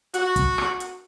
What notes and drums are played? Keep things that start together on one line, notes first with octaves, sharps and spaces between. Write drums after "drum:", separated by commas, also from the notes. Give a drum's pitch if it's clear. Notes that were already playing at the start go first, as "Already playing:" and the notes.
F#4, drum: hi-hat
drum: kick, hi-hat
drum: rim click
drum: hi-hat